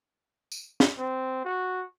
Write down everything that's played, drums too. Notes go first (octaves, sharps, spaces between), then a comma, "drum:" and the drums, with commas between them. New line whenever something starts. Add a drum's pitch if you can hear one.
drum: tambourine
drum: snare
C4
F#4